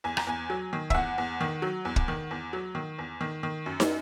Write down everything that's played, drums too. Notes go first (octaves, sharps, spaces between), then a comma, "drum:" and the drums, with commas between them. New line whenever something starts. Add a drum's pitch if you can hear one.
E2 G#5
A#5, drum: rim click
E2 G#5
F#3
D#3
E5, drum: kick
E2 F#5
E2
D#3
F#3
E2
drum: kick
D#3
E2
F#3
D#3
E2
D#3
D#3
F#2
drum: snare